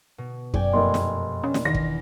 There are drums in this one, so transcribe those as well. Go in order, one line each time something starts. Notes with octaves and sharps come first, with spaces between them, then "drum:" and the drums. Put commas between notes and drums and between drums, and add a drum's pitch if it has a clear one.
B2
F#2 D5 G5 G#5, drum: kick
F1 A#3 D#5 C6
drum: snare
C#4 D4
drum: snare
E2 D#3 A#6
drum: kick